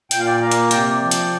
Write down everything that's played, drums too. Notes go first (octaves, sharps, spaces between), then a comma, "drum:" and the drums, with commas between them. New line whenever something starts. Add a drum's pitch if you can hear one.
A#2 G5, drum: hi-hat
F5
D5 G5
A#3 F5 A#5
drum: hi-hat
C3 D5 G5, drum: hi-hat
F3
drum: hi-hat